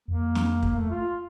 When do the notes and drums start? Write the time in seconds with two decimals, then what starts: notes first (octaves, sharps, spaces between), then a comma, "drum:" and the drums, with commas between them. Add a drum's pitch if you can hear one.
0.08 F2 A#3
0.35 drum: snare
0.63 drum: kick
0.76 A3
0.90 F4